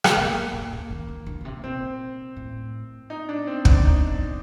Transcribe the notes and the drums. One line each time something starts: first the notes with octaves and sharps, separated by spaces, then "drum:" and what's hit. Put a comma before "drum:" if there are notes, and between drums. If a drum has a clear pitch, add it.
drum: rim click
A2 A#3
A#2
A#2
D#3
D#3
D3
A#2
C3
A#2 C4
A2
D#4
D4
C4
D4, drum: kick
G2 D#4
G2